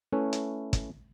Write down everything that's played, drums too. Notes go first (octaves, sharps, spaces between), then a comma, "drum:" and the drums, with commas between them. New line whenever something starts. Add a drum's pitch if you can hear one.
A3 C#4 E4 B4
drum: hi-hat
drum: kick, hi-hat